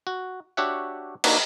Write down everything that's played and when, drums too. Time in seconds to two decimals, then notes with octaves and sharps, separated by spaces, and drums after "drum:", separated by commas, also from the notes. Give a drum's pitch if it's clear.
0.07 F#4
0.57 D4 F#4 G4 C#5 E5 F#5
1.24 A#3 D4 D#4 F#4, drum: cymbal